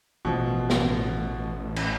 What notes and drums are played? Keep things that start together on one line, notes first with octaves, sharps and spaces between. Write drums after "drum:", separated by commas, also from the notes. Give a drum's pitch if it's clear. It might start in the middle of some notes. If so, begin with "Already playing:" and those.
A1 B2 F3
drum: snare
drum: cymbal